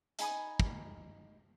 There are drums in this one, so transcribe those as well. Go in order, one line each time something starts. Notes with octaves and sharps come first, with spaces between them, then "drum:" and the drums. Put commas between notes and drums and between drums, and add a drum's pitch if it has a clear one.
D#4 G#5 B5 D#6, drum: hi-hat
drum: kick